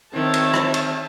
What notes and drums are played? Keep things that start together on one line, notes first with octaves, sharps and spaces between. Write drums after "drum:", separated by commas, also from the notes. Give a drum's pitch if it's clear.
D#3 C4 C#5 E5 A5
drum: cymbal
drum: rim click
drum: cymbal